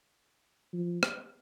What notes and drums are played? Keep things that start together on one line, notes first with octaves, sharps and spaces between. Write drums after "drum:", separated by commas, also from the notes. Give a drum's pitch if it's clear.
F3
drum: rim click